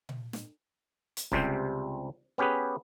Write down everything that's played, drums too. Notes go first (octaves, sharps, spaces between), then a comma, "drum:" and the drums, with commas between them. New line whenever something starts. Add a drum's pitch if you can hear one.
drum: tom A#2
drum: snare
drum: hi-hat
C#2 C3 G3 C4 C5, drum: kick
B3 C#4 G4 G#4 B4